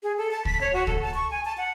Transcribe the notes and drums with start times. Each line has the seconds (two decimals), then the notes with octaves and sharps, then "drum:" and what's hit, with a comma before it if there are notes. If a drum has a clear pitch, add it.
0.03 G#4
0.18 A4
0.31 A5
0.45 B6, drum: kick
0.61 C#5
0.73 F#4
0.87 A4, drum: kick
1.02 A5
1.14 C#6
1.31 G#5
1.45 A5
1.58 F#5